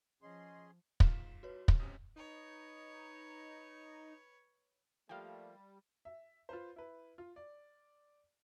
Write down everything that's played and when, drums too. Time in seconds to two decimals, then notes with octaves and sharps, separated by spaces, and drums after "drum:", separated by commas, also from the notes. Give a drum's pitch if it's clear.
0.22 F3 C#4 G#4 D#5 C6
1.00 G#2 F4 B6 E7, drum: kick
1.43 F#4 B4 C#5
1.68 drum: kick
1.80 A1 C3 C#4 D#6 G6
2.16 D#4 B4 C#5
5.09 F3 G3 A3 A#3 F5 G5
6.05 E5
6.49 F4 B4 C5
6.76 E4 B4
7.18 F4
7.36 D5